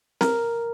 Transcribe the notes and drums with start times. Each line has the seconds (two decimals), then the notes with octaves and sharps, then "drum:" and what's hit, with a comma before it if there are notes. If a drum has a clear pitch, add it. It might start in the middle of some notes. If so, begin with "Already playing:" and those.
0.21 A#4, drum: snare C4